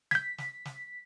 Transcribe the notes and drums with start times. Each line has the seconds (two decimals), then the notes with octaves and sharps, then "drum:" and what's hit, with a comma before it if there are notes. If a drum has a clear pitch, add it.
0.11 G6 G#6 B6, drum: snare
0.38 drum: snare
0.65 drum: snare